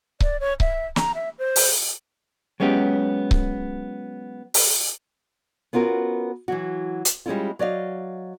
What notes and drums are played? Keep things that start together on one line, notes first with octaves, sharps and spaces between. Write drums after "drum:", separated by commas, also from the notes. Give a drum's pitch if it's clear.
D5, drum: kick C#1
C#5
E5, drum: kick C#1
A#5, drum: snare
E5
C5
drum: open hi-hat
F#3 G#3 B3 C#4 G4
drum: kick C#1
drum: open hi-hat
B3 C#4 F4 F#4 A#4
E3 F#3 F#4
drum: hi-hat
G3 G#3 C#4 E4 F4
F#3 D5 D#5 F5